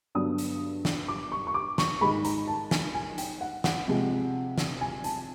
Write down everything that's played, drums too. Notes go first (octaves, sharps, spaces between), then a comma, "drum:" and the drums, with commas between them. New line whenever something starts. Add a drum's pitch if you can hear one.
G2 D3 F#3 B3 D4 D#6
drum: hi-hat
drum: snare
D6
C#6
C#6
D6
C#6, drum: snare
G#2 D#3 G#3 B5
A#5, drum: hi-hat
A5
G#5, drum: snare
G#5
G5, drum: hi-hat
F#5
F#5, drum: snare
C3 F3 G#3
drum: snare
G#5
A5, drum: hi-hat